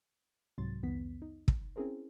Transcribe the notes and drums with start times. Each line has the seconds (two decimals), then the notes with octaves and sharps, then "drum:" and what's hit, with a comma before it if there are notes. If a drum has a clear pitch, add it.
0.58 C2 G#2 C3 F#3 C6 A6
0.83 C2 F2 D#3 B3 B6
1.22 D#4
1.48 drum: kick
1.76 C4 C#4 E4 G#4 A#4 C5